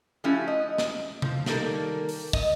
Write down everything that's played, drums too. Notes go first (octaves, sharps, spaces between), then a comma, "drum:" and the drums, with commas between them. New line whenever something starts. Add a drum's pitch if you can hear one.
F3 A3 C#4 E4 F#4 G4
D#5
drum: snare
F3, drum: tom C3
D#3 G3 A#3 A4 A#4, drum: snare
drum: open hi-hat
D#5, drum: kick